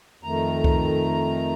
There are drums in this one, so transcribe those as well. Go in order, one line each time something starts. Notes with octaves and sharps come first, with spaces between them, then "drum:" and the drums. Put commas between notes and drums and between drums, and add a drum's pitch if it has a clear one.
F2 D#3 A3 A#5
drum: kick C2